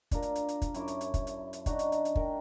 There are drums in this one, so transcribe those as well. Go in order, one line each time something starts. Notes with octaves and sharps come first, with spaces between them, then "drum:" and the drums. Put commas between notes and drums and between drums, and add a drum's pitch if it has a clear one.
D4 F4 A#4, drum: kick, hi-hat
drum: hi-hat
drum: hi-hat
drum: hi-hat
drum: kick, hi-hat
F#2 E4 A5 D6, drum: hi-hat
drum: hi-hat
drum: hi-hat
drum: kick, hi-hat
drum: hi-hat
drum: hi-hat
D4 D#4 F#4 A#5, drum: kick, hi-hat
drum: hi-hat
drum: hi-hat
drum: hi-hat
A#4 G5, drum: kick